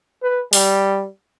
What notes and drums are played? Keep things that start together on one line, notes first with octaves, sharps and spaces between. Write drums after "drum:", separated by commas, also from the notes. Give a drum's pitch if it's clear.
B4
G3, drum: open hi-hat